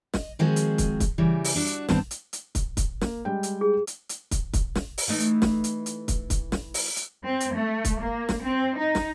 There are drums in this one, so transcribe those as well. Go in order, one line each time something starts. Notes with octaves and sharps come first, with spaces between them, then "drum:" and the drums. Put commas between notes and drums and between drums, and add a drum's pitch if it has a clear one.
D#5, drum: snare
D#3 F3 G#3 C4 F#4 G#4
drum: hi-hat
drum: kick, hi-hat
drum: kick, hi-hat
C#3 E3 G3
drum: open hi-hat
D4 F#4
drum: hi-hat
G2 D#3 B3 C4 A5, drum: snare
drum: hi-hat
drum: hi-hat
drum: kick, hi-hat
drum: kick, hi-hat
A#3, drum: snare
G3 G#3 G5
drum: hi-hat
G#4
drum: hi-hat
drum: hi-hat
drum: kick, hi-hat
drum: kick, hi-hat
drum: snare
drum: open hi-hat
E3 A3 D#4
drum: hi-hat
drum: snare
drum: hi-hat
drum: hi-hat
drum: kick, hi-hat
drum: kick, hi-hat
drum: snare
drum: open hi-hat
drum: hi-hat
C4
drum: hi-hat
A3
drum: kick, hi-hat
A#3
drum: snare
C4
D#4
drum: snare